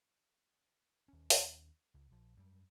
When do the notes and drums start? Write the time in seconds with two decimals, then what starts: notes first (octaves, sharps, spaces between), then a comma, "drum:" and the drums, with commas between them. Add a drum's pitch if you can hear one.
1.08 D#2 C#4
1.30 drum: open hi-hat
1.94 C#2
2.11 A#1 F3
2.37 F#2 G3